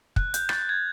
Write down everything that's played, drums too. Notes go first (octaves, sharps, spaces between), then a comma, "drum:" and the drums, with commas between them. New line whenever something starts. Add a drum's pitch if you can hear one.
F#6, drum: kick
G6, drum: hi-hat
A6, drum: rim click
G#6